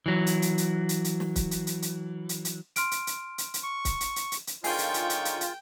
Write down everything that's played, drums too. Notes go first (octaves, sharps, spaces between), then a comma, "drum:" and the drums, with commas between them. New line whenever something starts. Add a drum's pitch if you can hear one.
E3 F#3
drum: hi-hat
drum: hi-hat
drum: hi-hat
drum: hi-hat
drum: hi-hat
drum: snare
drum: kick, hi-hat
drum: hi-hat
drum: hi-hat
drum: hi-hat
drum: hi-hat
drum: hi-hat
C6 F6 D7, drum: hi-hat
drum: hi-hat
drum: hi-hat
drum: hi-hat
drum: hi-hat
C#6
drum: kick, hi-hat
drum: hi-hat
drum: hi-hat
drum: hi-hat
drum: hi-hat
D3 D#4 F4 G#4 A#4 C#5 G5 C6, drum: open hi-hat
drum: hi-hat
drum: hi-hat
drum: hi-hat
drum: hi-hat
drum: hi-hat